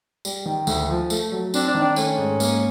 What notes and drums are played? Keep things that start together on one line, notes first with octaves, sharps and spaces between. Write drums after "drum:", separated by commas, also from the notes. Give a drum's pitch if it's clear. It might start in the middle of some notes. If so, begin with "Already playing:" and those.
G3, drum: tambourine
D#3
D2, drum: tambourine
F3
A3, drum: tambourine
F#3
C4 D4, drum: tambourine
D4
D#3
D4
A3 C#4, drum: tambourine
G#2
A#3, drum: tambourine